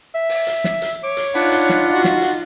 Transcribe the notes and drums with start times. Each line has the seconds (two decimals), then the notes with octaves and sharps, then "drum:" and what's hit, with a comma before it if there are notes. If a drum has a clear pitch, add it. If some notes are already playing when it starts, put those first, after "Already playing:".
0.15 E5
0.29 drum: open hi-hat
0.47 drum: hi-hat
0.64 drum: snare
0.82 drum: hi-hat
1.03 C#5 D6
1.17 drum: hi-hat
1.34 D4 D#4 F4 F#5 B5, drum: open hi-hat
1.52 drum: hi-hat
1.69 drum: snare
1.94 F#4
2.04 drum: snare
2.22 drum: hi-hat